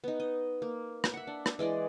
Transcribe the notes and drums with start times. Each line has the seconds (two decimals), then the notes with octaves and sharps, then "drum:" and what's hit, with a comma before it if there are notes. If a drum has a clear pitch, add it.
0.04 B3 D#4
0.20 D#5
0.62 A#3
1.04 drum: rim click
1.14 E5 F#5
1.27 D4
1.46 drum: rim click
1.59 E3 G#3 D5 D#5